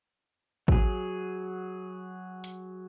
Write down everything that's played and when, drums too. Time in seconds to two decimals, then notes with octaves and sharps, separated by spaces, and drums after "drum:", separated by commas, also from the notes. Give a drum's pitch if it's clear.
0.68 F#3 G#4, drum: kick
2.44 drum: hi-hat